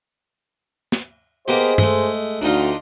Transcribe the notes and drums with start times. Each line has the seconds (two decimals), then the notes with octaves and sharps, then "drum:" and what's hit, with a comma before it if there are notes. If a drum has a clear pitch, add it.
0.92 drum: snare
1.48 A#3 B3 G4 G#4 C5 D#5, drum: hi-hat
1.78 G#3 A3, drum: tom G2
2.42 D2 D4 D#4 F4